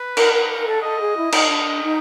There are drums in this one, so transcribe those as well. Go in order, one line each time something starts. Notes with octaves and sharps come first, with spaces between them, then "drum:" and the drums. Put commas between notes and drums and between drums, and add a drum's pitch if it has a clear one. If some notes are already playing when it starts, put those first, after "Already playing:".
Already playing: B4
A#4, drum: cymbal
A#4
A#4
A4
A4 D#5
G#4
E4
D#4, drum: cymbal
D4
D#4